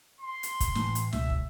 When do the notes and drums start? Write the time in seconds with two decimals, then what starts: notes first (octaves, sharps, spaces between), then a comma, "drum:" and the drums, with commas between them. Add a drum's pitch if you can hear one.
0.20 C6
0.43 drum: hi-hat
0.60 drum: kick, hi-hat
0.75 A2 E3, drum: snare
0.95 drum: hi-hat
1.13 C#2 B2 E5, drum: snare
1.30 drum: kick